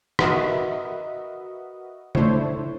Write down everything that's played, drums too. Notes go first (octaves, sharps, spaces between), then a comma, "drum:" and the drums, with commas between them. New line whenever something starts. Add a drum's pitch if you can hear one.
F#4 A#4 B4 D#5 E5 F#5, drum: rim click
A3 D4 E4 C5 C#5, drum: tom C#3